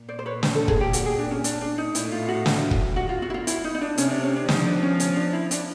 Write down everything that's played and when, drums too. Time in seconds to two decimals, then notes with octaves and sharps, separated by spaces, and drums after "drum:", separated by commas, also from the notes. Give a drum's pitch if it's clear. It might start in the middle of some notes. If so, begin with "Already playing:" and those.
Already playing: A#2
0.09 C5 D5
0.19 C5
0.26 B4 C#5
0.43 C5, drum: snare
0.55 A4
0.68 G#4, drum: kick
0.81 G4
0.93 F#4, drum: hi-hat
1.06 G#4
1.19 D4
1.31 C#4
1.44 D4, drum: hi-hat
1.61 D4
1.78 D#4
1.95 A2 E4, drum: hi-hat
2.12 F4
2.28 F#4
2.46 drum: snare
2.71 drum: kick
2.96 F#4
3.09 F4
3.22 F#4
3.30 E4
3.34 F4
3.47 E4, drum: hi-hat
3.64 D#4
3.75 D#4
3.81 D4
3.98 C3 C#4, drum: hi-hat
4.11 D4
4.23 C#4
4.36 D4
4.49 F3 D#4, drum: snare
4.65 D4
4.83 C#4
5.00 C#4, drum: hi-hat
5.17 D4
5.33 E4
5.51 D4, drum: hi-hat